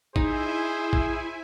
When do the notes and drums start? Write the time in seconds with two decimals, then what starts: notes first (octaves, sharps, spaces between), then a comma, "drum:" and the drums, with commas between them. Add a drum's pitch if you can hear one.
0.16 D#4 E4 G#4 C5 E5 G#5, drum: kick
0.93 drum: kick